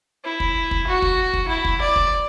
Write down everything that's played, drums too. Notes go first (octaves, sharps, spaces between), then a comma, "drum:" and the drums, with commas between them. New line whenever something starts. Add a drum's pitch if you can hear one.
E4
drum: kick
drum: kick
F#4
drum: kick
drum: kick
E4
drum: kick
D5
drum: kick